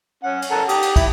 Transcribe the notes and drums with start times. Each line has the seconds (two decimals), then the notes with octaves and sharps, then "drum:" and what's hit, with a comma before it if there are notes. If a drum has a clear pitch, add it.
0.23 C#4 F#5
0.42 drum: cymbal
0.51 A4 A#4 F#5
0.69 G4 D#6, drum: cymbal
0.82 drum: cymbal
0.96 E4, drum: kick, cymbal